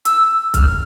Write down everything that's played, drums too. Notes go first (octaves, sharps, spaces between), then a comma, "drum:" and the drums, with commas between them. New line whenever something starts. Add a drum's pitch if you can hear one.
E6, drum: hi-hat
F6, drum: kick B1, hi-hat